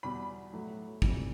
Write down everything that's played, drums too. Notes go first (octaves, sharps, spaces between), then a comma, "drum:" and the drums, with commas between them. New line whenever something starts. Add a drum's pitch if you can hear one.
E2 B2 G3 B5
A2 F#3
F2 C3 E3 G3, drum: kick